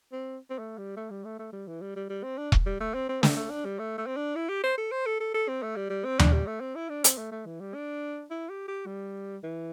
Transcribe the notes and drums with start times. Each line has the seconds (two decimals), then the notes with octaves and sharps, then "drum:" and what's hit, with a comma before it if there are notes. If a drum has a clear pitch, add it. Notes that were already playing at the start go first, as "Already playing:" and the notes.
0.12 C4
0.50 C4
0.59 A3
0.78 G3
0.97 A3
1.11 G3
1.25 A3
1.39 A3
1.53 G3
1.68 E3
1.82 G3
1.96 G3
2.10 G3
2.24 C4
2.38 D4
2.52 drum: kick E1
2.66 G3
2.80 A3
2.95 C4
3.09 C4
3.23 A3, drum: snare
3.37 A3
3.50 D4
3.65 G3
3.79 A3
3.98 A3
4.07 C4
4.17 D4
4.36 E4
4.49 G4
4.64 C5
4.78 A4
4.92 C5
5.06 A4
5.20 A4
5.34 A4
5.49 C4
5.63 A3
5.76 G3
5.90 G3
6.05 C4
6.19 D4, drum: tom D#2
6.33 G3
6.47 A3
6.61 C4
6.75 E4
6.90 D4
7.04 C4, drum: hi-hat
7.18 A3
7.32 A3
7.46 E3
7.60 G3
7.74 D4
8.31 E4
8.50 G4
8.68 G4
8.87 G3
9.44 E3